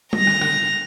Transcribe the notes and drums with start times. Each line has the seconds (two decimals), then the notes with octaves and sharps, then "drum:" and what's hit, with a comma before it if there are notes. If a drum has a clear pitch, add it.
0.13 A#5 A#6, drum: tom G3
0.27 drum: rim click
0.41 drum: rim click